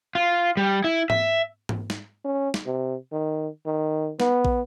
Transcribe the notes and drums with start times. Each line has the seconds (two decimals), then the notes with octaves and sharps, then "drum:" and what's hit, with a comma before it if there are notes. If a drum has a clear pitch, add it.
0.15 F4
0.57 G3
0.84 E4
1.10 E5, drum: tom G#2
1.69 drum: tom G#2
1.90 drum: snare
2.24 C#4
2.54 drum: snare
2.66 C3
3.12 D#3
3.66 D#3
4.20 B3, drum: snare
4.45 drum: kick